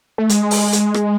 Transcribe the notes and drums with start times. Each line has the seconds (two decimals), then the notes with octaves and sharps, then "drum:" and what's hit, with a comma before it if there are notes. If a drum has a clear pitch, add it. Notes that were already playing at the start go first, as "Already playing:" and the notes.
0.18 A3
0.29 G#3, drum: hi-hat
0.51 drum: open hi-hat
0.73 drum: hi-hat
0.94 drum: rim click